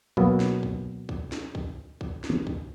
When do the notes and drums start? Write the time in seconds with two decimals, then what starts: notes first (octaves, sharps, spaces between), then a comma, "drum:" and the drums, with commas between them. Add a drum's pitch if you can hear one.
0.17 B2 F#3 A#3 B3, drum: kick
0.40 drum: snare
0.63 drum: kick
1.09 drum: kick
1.32 drum: snare
1.55 drum: kick
2.01 drum: kick
2.24 drum: snare
2.47 drum: kick